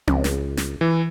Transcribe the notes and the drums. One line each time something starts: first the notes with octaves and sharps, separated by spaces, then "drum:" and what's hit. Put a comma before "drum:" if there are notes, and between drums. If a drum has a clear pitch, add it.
C#2, drum: tom C4
drum: snare
drum: snare
E3